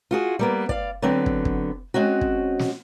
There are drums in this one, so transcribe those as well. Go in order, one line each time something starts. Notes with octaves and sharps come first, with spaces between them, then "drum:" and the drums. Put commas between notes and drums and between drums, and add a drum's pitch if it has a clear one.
F4 F#4 G#4
G3 A#3 B3
D5 F5, drum: kick
D3 F#3 B3 C4
drum: kick
drum: kick
G#3 C4 C#4 F#4
drum: kick
drum: snare